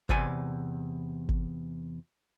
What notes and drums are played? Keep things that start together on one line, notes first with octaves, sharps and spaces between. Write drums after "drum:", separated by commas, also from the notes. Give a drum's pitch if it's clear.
E2 C3 D5 G#5, drum: kick G1
drum: kick G1